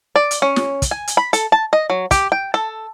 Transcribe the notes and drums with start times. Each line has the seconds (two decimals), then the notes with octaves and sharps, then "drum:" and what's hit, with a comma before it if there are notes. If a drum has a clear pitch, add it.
0.16 D5
0.31 drum: hi-hat
0.42 C#4
0.56 drum: snare
0.82 drum: kick, hi-hat
0.91 G#5
1.07 drum: hi-hat
1.17 B5
1.33 A4, drum: hi-hat
1.52 A5
1.73 D#5
1.90 F#3
2.11 G4, drum: kick, hi-hat
2.32 G5
2.54 A4